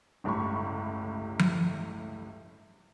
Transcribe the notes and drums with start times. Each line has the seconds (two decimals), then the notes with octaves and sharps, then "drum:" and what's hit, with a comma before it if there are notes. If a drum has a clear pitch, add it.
0.24 G1 C#2 A2 G3 B5 C#6
1.39 drum: tom F3